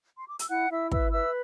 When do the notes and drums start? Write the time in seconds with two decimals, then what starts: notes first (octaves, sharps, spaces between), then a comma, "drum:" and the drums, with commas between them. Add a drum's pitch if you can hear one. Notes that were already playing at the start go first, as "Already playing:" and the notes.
0.16 C6
0.28 D6
0.39 E6, drum: hi-hat
0.50 E4 F#5 F#6
0.70 E4 E5 E6
0.91 B4 E5 E6, drum: kick
1.12 B4 E5 E6